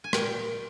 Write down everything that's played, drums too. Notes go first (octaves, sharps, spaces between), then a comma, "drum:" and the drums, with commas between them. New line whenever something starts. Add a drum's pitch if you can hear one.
G#5
A#2 G5, drum: rim click